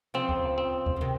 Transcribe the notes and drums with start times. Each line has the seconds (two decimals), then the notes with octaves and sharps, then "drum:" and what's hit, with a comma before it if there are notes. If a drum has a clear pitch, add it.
0.14 C#3 F3 C4
0.29 drum: kick C#2
0.58 C4
0.86 drum: kick C#2
0.96 C#3
1.01 C3 D#3